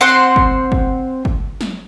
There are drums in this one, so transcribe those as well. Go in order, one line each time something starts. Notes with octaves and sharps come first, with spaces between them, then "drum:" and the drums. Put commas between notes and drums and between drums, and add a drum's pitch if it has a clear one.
C4 C5 F#5 C6
drum: kick
drum: kick
drum: kick
drum: snare